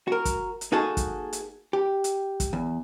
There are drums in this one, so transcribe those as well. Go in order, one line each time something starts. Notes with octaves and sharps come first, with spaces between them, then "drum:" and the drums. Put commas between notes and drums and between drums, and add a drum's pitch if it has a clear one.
F#4 A#4
drum: kick, hi-hat
drum: hi-hat
A#3 D#4 F#4 G#4 A4
drum: kick, hi-hat
drum: hi-hat
G4
drum: hi-hat
drum: kick, hi-hat
E2